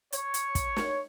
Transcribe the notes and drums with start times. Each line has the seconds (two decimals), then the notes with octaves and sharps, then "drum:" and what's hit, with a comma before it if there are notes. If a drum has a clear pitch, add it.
0.12 C#5, drum: hi-hat
0.34 drum: hi-hat
0.55 drum: kick, hi-hat
0.76 drum: snare